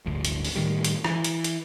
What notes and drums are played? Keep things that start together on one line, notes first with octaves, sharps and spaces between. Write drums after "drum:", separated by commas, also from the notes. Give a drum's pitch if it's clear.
D1 G1 D2
drum: hi-hat
drum: open hi-hat
A2 D#3 G3
drum: hi-hat
E3, drum: rim click
drum: hi-hat
drum: hi-hat